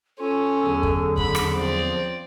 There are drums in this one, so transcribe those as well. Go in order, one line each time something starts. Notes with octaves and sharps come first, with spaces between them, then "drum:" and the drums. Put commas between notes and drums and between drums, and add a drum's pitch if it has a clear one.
C#4 F4 A4
E2 D3 F#3 G#4
drum: kick
B5, drum: kick
drum: rim click
F3 C4 D5